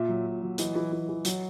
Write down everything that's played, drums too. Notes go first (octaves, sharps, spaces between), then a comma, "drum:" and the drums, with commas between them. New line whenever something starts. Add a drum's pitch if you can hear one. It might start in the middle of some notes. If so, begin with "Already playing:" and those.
Already playing: A#2 E5
F#3
A#2
F#3
E3 D#5, drum: hi-hat
E3
E3
E3
F#3, drum: hi-hat